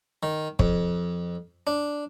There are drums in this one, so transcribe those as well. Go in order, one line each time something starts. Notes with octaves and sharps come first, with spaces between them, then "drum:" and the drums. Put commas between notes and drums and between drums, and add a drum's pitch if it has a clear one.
D#3
F2, drum: kick
D4